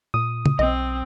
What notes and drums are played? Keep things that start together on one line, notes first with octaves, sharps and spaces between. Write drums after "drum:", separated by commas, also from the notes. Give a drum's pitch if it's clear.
A#2 D#6
drum: tom
B1 C4 D#5